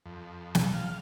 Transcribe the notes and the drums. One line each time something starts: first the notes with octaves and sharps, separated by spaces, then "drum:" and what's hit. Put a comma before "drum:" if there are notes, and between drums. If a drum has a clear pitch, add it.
F2
drum: snare
F5